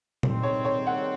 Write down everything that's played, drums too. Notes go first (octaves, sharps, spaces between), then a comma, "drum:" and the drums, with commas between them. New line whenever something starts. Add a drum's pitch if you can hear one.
D#3 G3 C4 D#4, drum: tom A#2
C#5
C#5
F#5